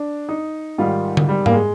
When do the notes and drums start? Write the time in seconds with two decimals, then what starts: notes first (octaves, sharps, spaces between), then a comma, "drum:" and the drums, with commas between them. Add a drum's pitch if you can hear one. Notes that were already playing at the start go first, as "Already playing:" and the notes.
Already playing: D4
0.29 D#4
0.78 G#2 D#3 G3 F4
1.17 drum: tom D3
1.29 G3
1.46 A#3, drum: tom G#2
1.53 G#3